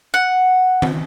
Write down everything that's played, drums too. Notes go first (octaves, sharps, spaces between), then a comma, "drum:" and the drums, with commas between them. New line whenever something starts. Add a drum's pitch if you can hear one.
F#5
drum: tom D#3